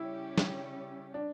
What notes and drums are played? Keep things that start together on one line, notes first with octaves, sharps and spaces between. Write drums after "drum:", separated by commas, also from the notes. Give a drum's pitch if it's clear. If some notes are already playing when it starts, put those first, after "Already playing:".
Already playing: C#3 G3 C#4 E4 G4
drum: snare
D4